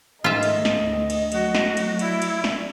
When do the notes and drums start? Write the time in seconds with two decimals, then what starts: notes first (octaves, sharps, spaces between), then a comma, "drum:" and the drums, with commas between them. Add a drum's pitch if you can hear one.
0.24 G#2 D#3 A3 F4 D#5 E5
0.43 drum: cymbal
0.65 drum: snare
0.82 D2
1.10 drum: cymbal
1.32 F#3 A3 F#4, drum: cymbal
1.55 drum: snare
1.77 drum: cymbal
1.99 E4 D5, drum: cymbal
2.22 drum: cymbal
2.44 drum: snare